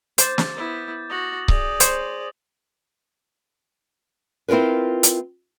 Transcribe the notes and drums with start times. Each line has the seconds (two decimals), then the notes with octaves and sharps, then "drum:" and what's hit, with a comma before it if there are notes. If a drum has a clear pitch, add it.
0.18 C5 D6 G6 A6, drum: hi-hat
0.38 drum: snare
0.56 B3 E4
1.10 F#4 D#6 A#6 F#7
1.48 G#4 D5 D#6, drum: kick C#1
1.80 C5 C#5, drum: hi-hat
4.48 C4 E4 F4 A#4 B4
5.03 drum: hi-hat